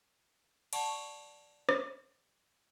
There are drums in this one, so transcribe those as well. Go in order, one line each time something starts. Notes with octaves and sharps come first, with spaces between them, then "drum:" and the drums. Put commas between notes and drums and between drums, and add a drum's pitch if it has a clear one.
D5 F#5 A5 C#6, drum: cymbal
drum: rim click